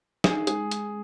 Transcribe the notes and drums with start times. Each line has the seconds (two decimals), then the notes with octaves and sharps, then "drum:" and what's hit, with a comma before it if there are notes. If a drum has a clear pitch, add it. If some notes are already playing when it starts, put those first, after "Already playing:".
0.24 D#4 G#4, drum: snare
0.47 G#3 G#4, drum: hi-hat
0.71 G#3, drum: hi-hat